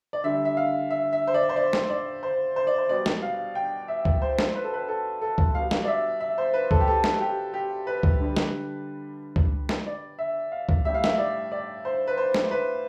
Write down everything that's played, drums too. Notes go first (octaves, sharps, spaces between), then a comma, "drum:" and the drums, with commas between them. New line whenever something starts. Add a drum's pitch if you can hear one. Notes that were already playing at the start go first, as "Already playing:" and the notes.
D5
D3 G3 E5
E5
F5
E5
E5
C5
D5
C5
D5
drum: snare
D5
C5
C5
D5
C5
B2 G3 D5
drum: snare
F5
G5
E5
drum: kick C#2
C5
drum: snare
B4
A4
B4
A4
A4
drum: kick C#2
B2 G3 F5
drum: snare
D5
E5
E5
C5
B4
A4, drum: kick C#2
G4
A4
drum: snare
G4
G4
B4
drum: kick C#2
D3 G3
drum: snare
drum: kick C#2
drum: snare
D5
E5
F5
drum: kick C#2
A2 G3 E5
F5
E5, drum: snare
D5
D5
C5
B4
C5
drum: snare
B4